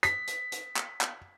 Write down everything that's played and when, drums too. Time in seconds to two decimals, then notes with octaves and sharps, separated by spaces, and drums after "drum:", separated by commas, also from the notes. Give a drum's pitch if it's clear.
0.03 B6, drum: hi-hat
0.28 drum: hi-hat
0.52 drum: hi-hat
0.76 drum: clap
1.01 drum: clap